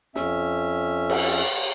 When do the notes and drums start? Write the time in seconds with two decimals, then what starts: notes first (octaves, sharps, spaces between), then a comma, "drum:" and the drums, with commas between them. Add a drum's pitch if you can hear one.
0.16 F2 C#4 E5, drum: snare
1.10 drum: cymbal